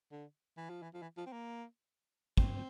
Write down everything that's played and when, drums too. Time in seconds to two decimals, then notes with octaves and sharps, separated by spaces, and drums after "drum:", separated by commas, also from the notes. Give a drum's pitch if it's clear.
0.11 D3
0.57 E3
0.69 F3
0.82 E3
0.94 F3
1.02 E3
1.17 F3
1.26 C4
1.32 A#3
2.37 C4, drum: kick